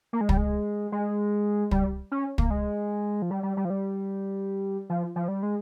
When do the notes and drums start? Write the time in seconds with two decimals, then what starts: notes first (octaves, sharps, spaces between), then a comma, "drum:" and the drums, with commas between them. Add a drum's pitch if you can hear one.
0.13 A#3
0.21 G#3
0.29 G3, drum: kick
0.37 G#3
0.92 G#3
1.71 G3, drum: kick
2.12 C#4
2.38 A#3, drum: kick
2.50 G#3
3.22 F3
3.31 G3
3.43 G3
3.57 G3
3.65 F3
3.70 G3
4.90 F3
5.16 F3
5.28 G3
5.43 G#3